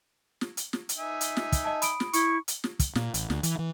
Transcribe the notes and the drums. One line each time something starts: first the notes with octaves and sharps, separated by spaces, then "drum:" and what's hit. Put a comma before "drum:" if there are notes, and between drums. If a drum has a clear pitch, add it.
drum: snare
drum: hi-hat
drum: snare
drum: hi-hat
D#4 E5 G#5
drum: hi-hat
drum: snare
drum: kick, hi-hat
D#5 A5
B5 D#6 D7, drum: hi-hat
drum: snare
E4 C#6, drum: hi-hat
drum: hi-hat
drum: snare
drum: kick, hi-hat
A#2, drum: snare
A1, drum: hi-hat
D2, drum: snare
E3, drum: hi-hat
E3